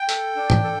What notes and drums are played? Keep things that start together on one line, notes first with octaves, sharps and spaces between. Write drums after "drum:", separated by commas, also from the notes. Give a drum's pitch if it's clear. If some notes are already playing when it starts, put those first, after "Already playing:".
Already playing: G5
A4, drum: hi-hat
D4
drum: tom
A4